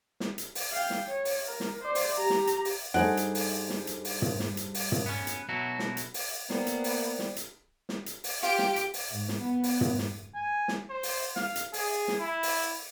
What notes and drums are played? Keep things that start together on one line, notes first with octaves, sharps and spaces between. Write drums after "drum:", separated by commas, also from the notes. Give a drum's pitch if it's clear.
drum: snare
drum: hi-hat
drum: open hi-hat
F5 G5
drum: snare
C#5
drum: open hi-hat
A#4
drum: snare
C5 D5
drum: open hi-hat
G4 A#5
drum: snare
drum: hi-hat
drum: open hi-hat
G2 D#4 G#4 A4 C5 F#5 D7
drum: hi-hat
drum: open hi-hat
drum: snare
drum: hi-hat
drum: open hi-hat
drum: tom
drum: snare
drum: hi-hat
drum: open hi-hat
drum: tom
B3 C#4
drum: hi-hat
B2 F#3 E4 F#4
drum: snare
drum: hi-hat
drum: open hi-hat
A#3 B3 C5 D5 G5, drum: snare
drum: hi-hat
drum: open hi-hat
drum: snare
drum: hi-hat
drum: snare
drum: hi-hat
drum: open hi-hat
F4 G4 D7
drum: snare
drum: hi-hat
drum: open hi-hat
G#2
drum: snare
B3
drum: open hi-hat
drum: tom
drum: snare
G#5
drum: snare
C5
drum: open hi-hat
F5, drum: snare
drum: hi-hat
G#4, drum: open hi-hat
drum: snare
E4
drum: open hi-hat